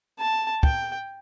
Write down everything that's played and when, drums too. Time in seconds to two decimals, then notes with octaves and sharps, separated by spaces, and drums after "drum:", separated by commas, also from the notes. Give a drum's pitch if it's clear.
0.19 A5
0.63 G5, drum: kick